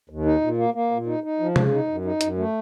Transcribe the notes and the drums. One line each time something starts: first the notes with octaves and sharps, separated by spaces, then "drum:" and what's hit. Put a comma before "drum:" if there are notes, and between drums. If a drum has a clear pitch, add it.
D#2
D#4
A#2
A#3
A#3
A#2
D#4
D#4
F3
C#3, drum: tom C3
D#4
F#2
D#4
F#2, drum: hi-hat
A3